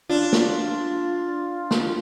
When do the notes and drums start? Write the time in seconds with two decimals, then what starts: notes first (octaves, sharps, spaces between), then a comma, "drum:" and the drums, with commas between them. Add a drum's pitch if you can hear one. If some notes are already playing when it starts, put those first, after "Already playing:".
0.09 D4 F4
0.33 drum: snare
1.71 drum: snare